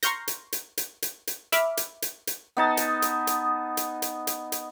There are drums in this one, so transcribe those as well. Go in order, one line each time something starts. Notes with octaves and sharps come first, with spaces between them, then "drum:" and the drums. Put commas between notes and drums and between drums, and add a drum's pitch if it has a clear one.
A#5 C6 C#6 F6 G6 A#6, drum: hi-hat
drum: hi-hat
drum: hi-hat
drum: hi-hat
drum: hi-hat
drum: hi-hat
E5 B5 D6 F6, drum: hi-hat
drum: hi-hat
drum: hi-hat
drum: hi-hat
B3 D#4 A5
drum: hi-hat
drum: hi-hat
drum: hi-hat
drum: hi-hat
drum: hi-hat
drum: hi-hat
drum: hi-hat